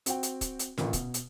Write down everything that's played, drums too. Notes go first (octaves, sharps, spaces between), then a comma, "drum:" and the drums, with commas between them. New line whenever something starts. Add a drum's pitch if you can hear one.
C4 F#4 G5, drum: hi-hat
drum: hi-hat
drum: kick C#1, hi-hat
drum: hi-hat
A1 A#2, drum: snare
B2, drum: kick C#1, hi-hat
drum: hi-hat